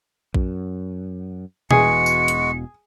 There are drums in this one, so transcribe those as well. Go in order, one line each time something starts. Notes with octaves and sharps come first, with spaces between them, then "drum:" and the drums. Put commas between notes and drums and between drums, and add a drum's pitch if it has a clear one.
F#2, drum: kick A#1
E1 B2 E3 G#3 F#4 G#4 C#7, drum: tom B2
drum: tambourine
drum: hi-hat